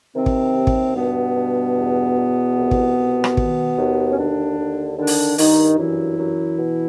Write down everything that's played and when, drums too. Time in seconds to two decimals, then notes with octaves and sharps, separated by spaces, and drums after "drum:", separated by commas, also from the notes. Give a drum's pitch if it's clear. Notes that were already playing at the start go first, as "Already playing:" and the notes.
0.15 C3 D#3 C4
0.26 drum: kick
0.57 D#2
0.67 drum: kick
0.96 G2 B2 B3
1.36 G2
1.76 E2
2.16 E2
2.57 C2
2.71 drum: kick
2.97 C2
3.24 drum: rim click
3.37 D#3, drum: kick
3.77 D#2
4.12 C#4
4.18 D#2 D3 D4
4.58 D#2
4.98 D3 D#3 D4
5.07 drum: open hi-hat
5.38 G2 D#3 D#4, drum: open hi-hat
5.78 F#2 E3 E4
6.19 F#2
6.59 B2